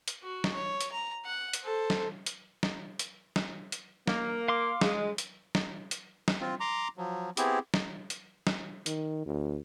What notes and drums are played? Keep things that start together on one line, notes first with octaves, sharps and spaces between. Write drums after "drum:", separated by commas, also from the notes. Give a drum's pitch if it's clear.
drum: hi-hat
F#4
drum: snare
C#5
drum: hi-hat
A#5
F#5
drum: hi-hat
A4 C5
drum: snare
drum: hi-hat
drum: snare
drum: hi-hat
drum: snare
drum: hi-hat
A#3, drum: snare
F5 C6 D6
G#3, drum: snare
drum: hi-hat
drum: snare
drum: hi-hat
drum: snare
C4 F4
A#5 C6 D6
F3 F#3
B3 C4 E4 G4 G#4, drum: hi-hat
drum: snare
drum: hi-hat
drum: snare
D#3, drum: hi-hat
D2